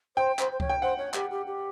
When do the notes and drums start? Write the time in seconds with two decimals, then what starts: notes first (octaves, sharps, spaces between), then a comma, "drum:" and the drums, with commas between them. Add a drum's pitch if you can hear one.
0.16 C5 G5
0.39 C5, drum: clap
0.51 C5
0.60 C#5, drum: kick C#2
0.70 G5
0.82 C5 F#5
0.98 C#5
1.14 G4, drum: clap
1.30 G4
1.46 G4